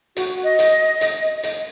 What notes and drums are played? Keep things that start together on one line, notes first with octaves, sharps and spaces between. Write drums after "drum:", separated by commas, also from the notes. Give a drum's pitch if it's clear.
F#4, drum: hi-hat
D#5
drum: hi-hat
drum: hi-hat
drum: hi-hat